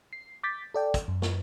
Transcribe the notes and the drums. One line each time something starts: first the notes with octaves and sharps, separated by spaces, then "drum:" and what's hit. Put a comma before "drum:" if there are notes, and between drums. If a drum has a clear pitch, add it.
C7
D6 G6 A6 B6
A4 D5 G5
drum: kick, hi-hat
F#2
drum: snare